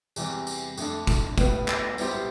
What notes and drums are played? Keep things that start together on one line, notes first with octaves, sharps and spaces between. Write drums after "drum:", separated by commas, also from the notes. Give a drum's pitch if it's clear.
E2 C3 E3 G3, drum: tambourine
drum: tambourine
F2 D3 A3 D4 A4, drum: tambourine
drum: kick, tambourine
A2 G3 B3 E4 B4, drum: kick, tambourine
drum: clap
G3 B3 E4 G4 C5, drum: tambourine